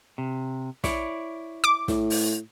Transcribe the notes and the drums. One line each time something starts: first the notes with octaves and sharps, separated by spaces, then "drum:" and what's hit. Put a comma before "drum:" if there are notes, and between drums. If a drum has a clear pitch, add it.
C3
E4 C#5 D5, drum: snare
D6
A2, drum: snare
drum: open hi-hat